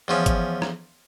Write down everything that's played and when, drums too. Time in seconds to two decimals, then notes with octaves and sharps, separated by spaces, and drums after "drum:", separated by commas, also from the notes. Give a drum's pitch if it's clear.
0.08 E2 F3 C#4
0.26 drum: kick G1, hi-hat
0.62 drum: rim click